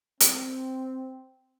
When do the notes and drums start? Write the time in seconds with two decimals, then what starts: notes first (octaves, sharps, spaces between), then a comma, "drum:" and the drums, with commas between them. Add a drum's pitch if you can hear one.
0.20 C4, drum: hi-hat